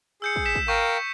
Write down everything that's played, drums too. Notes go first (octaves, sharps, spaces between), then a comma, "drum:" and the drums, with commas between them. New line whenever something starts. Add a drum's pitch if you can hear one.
G#4 E6 G6 C#7
drum: kick
B6 E7
drum: kick
A#4 F5 G5 C#6 G6